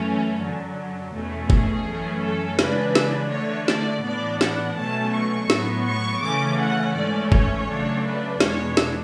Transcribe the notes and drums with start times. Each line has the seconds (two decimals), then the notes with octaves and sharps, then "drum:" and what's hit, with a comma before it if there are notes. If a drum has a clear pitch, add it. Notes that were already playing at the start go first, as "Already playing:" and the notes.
Already playing: F#2 E3 A3 C#4
0.41 F#2 D3 F#3
1.13 E2 B2 A3 C#4
1.50 G#4, drum: kick
1.86 F#2 E3 A3 C#4
2.23 A4
2.59 C#3 E3 G#3 D4 B4, drum: snare
2.95 drum: snare
3.32 D3 A3 D4 C#5
3.68 D5, drum: snare
4.05 A2 E3 B3 D4 D5
4.41 F#5, drum: snare
4.77 B2 F#3 A3 C#4 A5
5.13 C#6
5.50 A2 F#3 B3, drum: snare
5.86 C#6
6.22 C#3 E3 A3 C#4 D6
6.60 F#5
6.95 G#2 E3 A3 C#4 D5
7.32 C#5, drum: kick
7.68 C#3 F#3 A3 D4
8.04 B4
8.40 E2 B2 G#3 D4 C#5, drum: snare
8.77 drum: snare